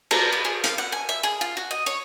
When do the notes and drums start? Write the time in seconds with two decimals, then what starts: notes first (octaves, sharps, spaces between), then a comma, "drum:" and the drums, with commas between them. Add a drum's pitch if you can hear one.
0.11 A#5, drum: cymbal
0.32 B4
0.45 G#4
0.64 F5, drum: hi-hat
0.78 F#5
0.92 G#5
1.09 E5
1.23 G#4
1.41 F4
1.57 F#4
1.71 D#5
1.86 C#5